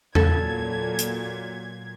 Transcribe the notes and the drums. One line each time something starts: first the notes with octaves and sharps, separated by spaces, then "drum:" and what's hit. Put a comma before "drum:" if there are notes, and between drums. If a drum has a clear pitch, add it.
A#2 F#3 A4 G#6, drum: tom E2
drum: hi-hat